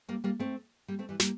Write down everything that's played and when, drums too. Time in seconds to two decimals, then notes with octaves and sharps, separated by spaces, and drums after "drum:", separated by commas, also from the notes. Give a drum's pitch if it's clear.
0.09 G3 A#3
0.24 G3 A#3
0.40 A3 C4
0.88 G3 A#3
0.99 A3 C4
1.09 E3 G3
1.20 G3 A#3, drum: snare